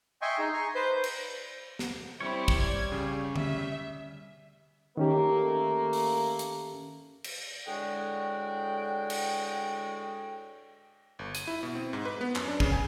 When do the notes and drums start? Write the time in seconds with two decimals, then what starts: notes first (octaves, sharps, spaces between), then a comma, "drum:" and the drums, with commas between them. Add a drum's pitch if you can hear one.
0.22 D#5 E5 G5 G#5 C6 C#6
0.39 D#4 G#4
0.53 G#5 A#5 C6 C#6
0.75 B4 C5 G6
1.04 drum: cymbal
1.79 drum: snare
2.21 G3 C4 E4 C#5
2.48 drum: kick
2.58 D5 G#6
2.92 C#3 G4
3.36 E5, drum: tom D3
4.97 D#3 A3 A#3 C#4 G4 A#4
5.93 drum: open hi-hat
6.39 drum: hi-hat
7.24 drum: cymbal
7.66 A2 D3 G#3 F#4 G#4 G5
9.10 drum: cymbal
11.19 G1
11.35 D#7, drum: hi-hat
11.47 E4
11.63 B2
11.75 C4
11.93 G#2
12.05 B4
12.21 B3
12.35 F#2, drum: clap
12.48 D4
12.60 C#3, drum: kick
12.72 G#5